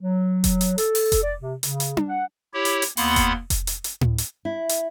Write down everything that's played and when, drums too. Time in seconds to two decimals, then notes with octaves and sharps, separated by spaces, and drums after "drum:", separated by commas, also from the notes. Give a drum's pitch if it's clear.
0.01 F#3
0.44 drum: kick F1, hi-hat
0.61 drum: hi-hat
0.78 A4, drum: hi-hat
0.95 drum: open hi-hat
1.12 drum: kick F1, hi-hat
1.22 D5
1.41 C3
1.63 C#3, drum: hi-hat
1.80 drum: hi-hat
1.97 drum: tom D4
2.08 F#5
2.54 E4 G4 C#5
2.65 drum: hi-hat
2.82 drum: hi-hat
2.97 D#2 A#3 B3 F#5 B5 C6, drum: open hi-hat
3.16 drum: kick F1, hi-hat
3.50 drum: kick F1, hi-hat
3.67 drum: hi-hat
3.84 drum: hi-hat
4.01 drum: tom A2
4.18 drum: hi-hat
4.45 E4
4.69 drum: hi-hat